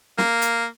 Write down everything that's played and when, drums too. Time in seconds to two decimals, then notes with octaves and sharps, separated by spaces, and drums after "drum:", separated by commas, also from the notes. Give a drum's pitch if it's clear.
0.18 A#3, drum: snare
0.42 drum: hi-hat